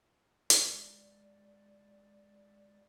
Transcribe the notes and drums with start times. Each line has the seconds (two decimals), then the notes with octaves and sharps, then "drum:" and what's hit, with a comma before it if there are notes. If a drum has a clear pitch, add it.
0.50 G#3 D5, drum: hi-hat